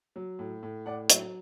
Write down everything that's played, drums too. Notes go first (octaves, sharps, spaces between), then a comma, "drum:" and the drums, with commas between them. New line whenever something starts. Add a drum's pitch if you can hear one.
F#3
A2
A2
A2 D5 F#5
F#3 C#5 E5, drum: hi-hat